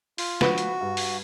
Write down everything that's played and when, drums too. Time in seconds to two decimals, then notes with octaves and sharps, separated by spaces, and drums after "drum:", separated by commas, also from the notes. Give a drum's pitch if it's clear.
0.18 F4, drum: open hi-hat
0.41 F3 F#4 B4, drum: snare
0.58 drum: hi-hat
0.81 G2
0.97 drum: open hi-hat